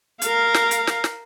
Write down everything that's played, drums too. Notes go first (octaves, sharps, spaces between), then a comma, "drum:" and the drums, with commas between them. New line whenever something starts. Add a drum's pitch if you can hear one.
A#4 F5, drum: hi-hat
drum: snare
drum: hi-hat
drum: snare
drum: snare